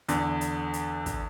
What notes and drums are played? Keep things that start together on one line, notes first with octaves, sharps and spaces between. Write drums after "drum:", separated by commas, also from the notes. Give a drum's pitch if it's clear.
E2 D3, drum: hi-hat
drum: hi-hat
drum: hi-hat
drum: kick, hi-hat